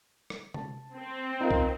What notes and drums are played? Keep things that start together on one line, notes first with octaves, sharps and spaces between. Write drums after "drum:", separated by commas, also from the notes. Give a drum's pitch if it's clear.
drum: rim click
A5, drum: tom
C4
D#4 F4 A#4
drum: kick C2